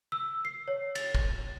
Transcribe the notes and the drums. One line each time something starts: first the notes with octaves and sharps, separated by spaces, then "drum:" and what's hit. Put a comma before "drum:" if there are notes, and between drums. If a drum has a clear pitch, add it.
E6
C7
C#5
A6, drum: cymbal
drum: kick